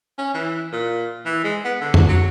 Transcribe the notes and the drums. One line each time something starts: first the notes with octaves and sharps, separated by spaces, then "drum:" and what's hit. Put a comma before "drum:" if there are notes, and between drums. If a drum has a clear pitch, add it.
C#4
E3
A#2
E3
G#3
B3
D3
drum: tom F2
F#3